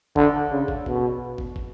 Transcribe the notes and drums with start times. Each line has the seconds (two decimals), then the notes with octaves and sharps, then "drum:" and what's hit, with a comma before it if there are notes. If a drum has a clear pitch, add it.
0.16 D3, drum: kick
0.51 C#3
0.68 drum: kick
0.86 B2, drum: kick
1.38 drum: kick
1.56 drum: kick